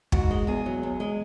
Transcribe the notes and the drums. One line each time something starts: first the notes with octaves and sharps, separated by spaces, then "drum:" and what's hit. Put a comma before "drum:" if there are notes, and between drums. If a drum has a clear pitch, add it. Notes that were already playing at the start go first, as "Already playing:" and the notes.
G#2 F#4, drum: kick
G#3
E2 G#4
F#3
E2
G#3